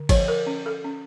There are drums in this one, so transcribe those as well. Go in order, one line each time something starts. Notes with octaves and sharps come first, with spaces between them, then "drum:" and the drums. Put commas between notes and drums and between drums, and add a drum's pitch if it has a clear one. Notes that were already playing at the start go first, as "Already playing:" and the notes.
Already playing: D3
F3 C#5, drum: kick G#1, cymbal
A#4
C#4
A4
C#4